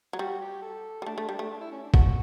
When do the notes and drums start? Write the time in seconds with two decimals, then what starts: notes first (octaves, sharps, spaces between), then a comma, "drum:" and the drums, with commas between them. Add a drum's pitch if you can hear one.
0.13 F#3
0.19 G3 F#4
0.41 G4
0.62 A4
1.02 G3
1.06 A3 D4
1.18 A3
1.29 G3
1.39 A3
1.50 D4
1.61 E4
1.72 C#4
1.83 D4
1.94 B3 F#4, drum: kick